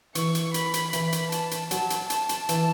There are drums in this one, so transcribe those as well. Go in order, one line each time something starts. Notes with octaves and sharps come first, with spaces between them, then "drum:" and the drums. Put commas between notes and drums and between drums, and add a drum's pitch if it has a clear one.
E3 C#6, drum: hi-hat
drum: hi-hat
B5, drum: hi-hat
drum: hi-hat
E3 B5, drum: hi-hat
drum: hi-hat
A5, drum: hi-hat
drum: hi-hat
F#3 A5, drum: hi-hat
drum: hi-hat
A5, drum: hi-hat
drum: hi-hat
E3, drum: hi-hat